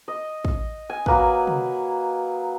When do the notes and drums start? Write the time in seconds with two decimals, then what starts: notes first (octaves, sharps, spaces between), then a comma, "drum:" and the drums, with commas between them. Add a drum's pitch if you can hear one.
0.08 D#5
0.45 drum: kick
0.90 G#5
1.06 F#3 A#3 B4, drum: kick
1.47 drum: tom